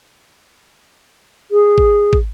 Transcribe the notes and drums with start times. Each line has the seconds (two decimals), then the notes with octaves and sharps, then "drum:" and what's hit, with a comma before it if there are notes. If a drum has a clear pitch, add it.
1.51 G#4
1.78 drum: kick
2.13 drum: kick